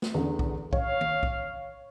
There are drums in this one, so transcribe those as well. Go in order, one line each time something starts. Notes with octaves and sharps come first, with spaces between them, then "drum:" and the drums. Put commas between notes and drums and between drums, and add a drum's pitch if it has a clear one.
drum: snare
E2 D3
drum: kick B1
C#5 F5, drum: kick B1
drum: tom D#3
drum: kick B1